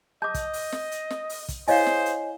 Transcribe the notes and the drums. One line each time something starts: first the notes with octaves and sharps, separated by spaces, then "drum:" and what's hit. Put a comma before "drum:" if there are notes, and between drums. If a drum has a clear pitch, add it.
D#5 A5 D6 G6
drum: kick, hi-hat
drum: open hi-hat
drum: snare
drum: hi-hat
drum: snare
drum: open hi-hat
drum: kick, hi-hat
E4 G#4 C5 C#5 D#5 F5 G#5, drum: open hi-hat
drum: snare
drum: hi-hat